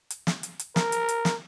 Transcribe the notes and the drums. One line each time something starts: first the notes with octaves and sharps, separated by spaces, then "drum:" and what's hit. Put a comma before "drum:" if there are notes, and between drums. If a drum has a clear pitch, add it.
drum: hi-hat
drum: snare
drum: hi-hat
drum: hi-hat
A#4, drum: snare
drum: hi-hat
drum: hi-hat
drum: snare